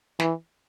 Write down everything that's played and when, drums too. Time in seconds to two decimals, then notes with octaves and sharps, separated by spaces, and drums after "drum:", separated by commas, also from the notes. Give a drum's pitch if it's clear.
0.20 E3, drum: snare